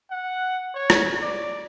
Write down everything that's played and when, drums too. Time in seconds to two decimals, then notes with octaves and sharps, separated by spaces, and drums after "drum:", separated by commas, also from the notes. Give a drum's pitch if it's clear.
0.11 F#5
0.75 C#5
0.90 drum: rim click
1.22 D5